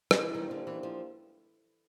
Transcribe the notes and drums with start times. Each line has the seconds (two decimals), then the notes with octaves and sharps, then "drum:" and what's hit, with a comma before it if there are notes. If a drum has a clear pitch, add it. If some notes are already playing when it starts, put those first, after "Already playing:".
0.11 E3, drum: rim click
0.34 D#3 A#3 D4 G4 C5
0.51 D3
0.67 E3
0.83 F3